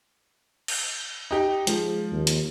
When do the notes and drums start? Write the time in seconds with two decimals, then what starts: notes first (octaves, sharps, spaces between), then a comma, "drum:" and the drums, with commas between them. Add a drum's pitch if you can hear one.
0.68 drum: cymbal
1.31 D#4 G4
1.67 F3 G#3, drum: hi-hat
2.11 D#2
2.27 drum: hi-hat